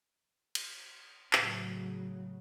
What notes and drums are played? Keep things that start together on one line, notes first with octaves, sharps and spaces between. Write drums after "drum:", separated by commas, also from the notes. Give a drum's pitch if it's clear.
drum: cymbal
A2 C#3 F#3, drum: clap